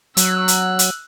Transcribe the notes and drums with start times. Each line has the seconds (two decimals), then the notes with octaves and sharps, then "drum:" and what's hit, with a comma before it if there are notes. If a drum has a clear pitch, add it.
0.17 F#3 E6 F#6, drum: hi-hat
0.48 drum: hi-hat
0.79 drum: hi-hat